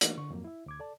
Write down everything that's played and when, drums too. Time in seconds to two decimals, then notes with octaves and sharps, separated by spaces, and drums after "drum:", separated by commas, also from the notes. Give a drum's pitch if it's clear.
0.01 E3 A3 A#3 D4 D#4 F#4, drum: hi-hat
0.17 D3 C#6
0.30 F2 G#2 F#3 A#3
0.44 E4 E5
0.66 D2 D6 G#6
0.80 A4 D5 A5